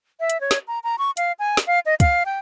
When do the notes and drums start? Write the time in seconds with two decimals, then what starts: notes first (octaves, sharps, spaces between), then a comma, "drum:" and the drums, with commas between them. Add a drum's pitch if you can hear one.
0.20 E5
0.30 drum: hi-hat
0.41 C#5
0.51 drum: snare
0.68 A#5
0.84 A#5
0.99 C#6
1.17 F5, drum: hi-hat
1.39 G#5
1.57 drum: snare
1.67 F5
1.86 D#5
2.00 F5, drum: kick, hi-hat
2.26 G5